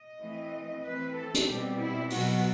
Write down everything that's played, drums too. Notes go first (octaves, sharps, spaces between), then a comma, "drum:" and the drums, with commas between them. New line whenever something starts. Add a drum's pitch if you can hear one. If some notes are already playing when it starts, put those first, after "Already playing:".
Already playing: D#5
E3 A3 C4
E3 A3 C4 B4
A4
drum: hi-hat
B2 G3 C4 G4
E4
B2 F#3 B3 F#4, drum: open hi-hat